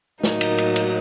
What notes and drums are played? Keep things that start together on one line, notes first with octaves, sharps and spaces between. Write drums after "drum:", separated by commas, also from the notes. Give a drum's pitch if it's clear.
A2 F#3 A#3 D#4, drum: snare
drum: cymbal
drum: cymbal
drum: cymbal